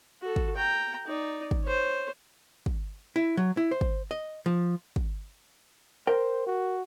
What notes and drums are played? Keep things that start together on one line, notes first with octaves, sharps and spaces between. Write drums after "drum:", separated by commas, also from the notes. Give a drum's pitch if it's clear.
F#4 A4
drum: kick
G5 A#5
D#4 D5
drum: kick
C5 C#5
drum: kick
E4
F#3
E4
C5
drum: kick
D#5
F3
drum: kick
A#4 C5 G5
F#4